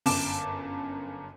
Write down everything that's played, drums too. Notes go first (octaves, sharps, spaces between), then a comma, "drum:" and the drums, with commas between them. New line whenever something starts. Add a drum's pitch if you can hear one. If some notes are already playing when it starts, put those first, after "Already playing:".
G1 F#2 A5 D6 E7, drum: open hi-hat